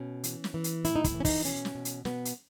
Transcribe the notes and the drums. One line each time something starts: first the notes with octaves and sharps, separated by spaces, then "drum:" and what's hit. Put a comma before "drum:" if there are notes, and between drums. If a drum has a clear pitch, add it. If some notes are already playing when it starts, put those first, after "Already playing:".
Already playing: B2 C#4
E3, drum: hi-hat
drum: snare
E3
drum: hi-hat
A2 E4, drum: hi-hat
D#4
E4, drum: kick, hi-hat
E3
C#4
D#4, drum: kick, open hi-hat
B2 C#4, drum: hi-hat
drum: snare
B2
drum: hi-hat
B2 B3, drum: snare
drum: hi-hat